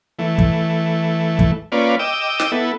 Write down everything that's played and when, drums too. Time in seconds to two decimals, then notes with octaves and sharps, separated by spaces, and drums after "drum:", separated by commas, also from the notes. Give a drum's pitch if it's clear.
0.19 E3 A3
0.38 drum: kick
1.39 drum: kick
1.72 A#3 C#4 F4 B4 D5
1.99 D#5 G5 D6 E6
2.40 drum: snare
2.52 B3 E4 A4